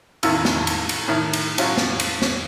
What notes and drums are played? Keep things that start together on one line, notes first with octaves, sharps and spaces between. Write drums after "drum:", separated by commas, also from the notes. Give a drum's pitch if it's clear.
A1 E2 D#3 E4 F4 E6, drum: cymbal
drum: snare
drum: cymbal
drum: cymbal
A2 D#3 E5
drum: cymbal
A2 F#3 C#4 F4, drum: cymbal
drum: snare
drum: cymbal
drum: snare